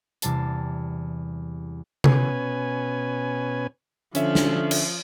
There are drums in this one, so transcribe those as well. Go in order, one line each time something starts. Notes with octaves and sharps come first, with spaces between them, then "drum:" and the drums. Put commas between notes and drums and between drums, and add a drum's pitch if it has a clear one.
E2 C3 G3 A5 C7, drum: hi-hat
B2 C#4 B4 G#5, drum: tom C3
D3 F3 C#4 E5, drum: hi-hat
drum: snare
drum: cymbal